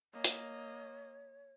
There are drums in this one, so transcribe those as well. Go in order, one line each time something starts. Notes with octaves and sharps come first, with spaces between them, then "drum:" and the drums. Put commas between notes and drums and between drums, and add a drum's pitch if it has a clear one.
A#3 C#5 D#5
drum: hi-hat